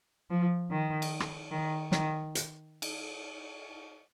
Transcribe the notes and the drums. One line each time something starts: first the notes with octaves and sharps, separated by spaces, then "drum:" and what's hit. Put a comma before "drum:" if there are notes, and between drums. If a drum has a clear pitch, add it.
F3
D#3
drum: cymbal
drum: rim click
D#3
D#3, drum: snare
drum: hi-hat
drum: cymbal